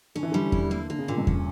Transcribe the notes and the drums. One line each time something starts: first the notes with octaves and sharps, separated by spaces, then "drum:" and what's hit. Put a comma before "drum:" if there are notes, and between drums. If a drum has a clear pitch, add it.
D3 C#4
E3
D3 G3
E4, drum: kick E2
A#3
D3 A#3
C#3
A#2 D3
G2
C#4, drum: kick E2